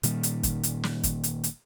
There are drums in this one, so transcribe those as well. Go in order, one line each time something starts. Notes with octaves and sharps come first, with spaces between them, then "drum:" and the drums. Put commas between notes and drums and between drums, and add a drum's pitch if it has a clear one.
A#2 D#3 G3, drum: hi-hat
drum: hi-hat
drum: kick, hi-hat
drum: hi-hat
drum: snare
drum: kick, hi-hat
drum: hi-hat
drum: hi-hat